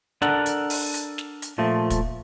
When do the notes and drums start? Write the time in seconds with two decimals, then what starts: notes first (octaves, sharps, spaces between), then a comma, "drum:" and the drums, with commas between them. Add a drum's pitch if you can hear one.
0.22 D4 A4 A#4 F#5, drum: snare
0.46 drum: hi-hat
0.70 drum: open hi-hat
0.94 drum: hi-hat
1.18 drum: snare
1.42 drum: hi-hat
1.58 A#2 F3 A3
1.90 drum: kick, hi-hat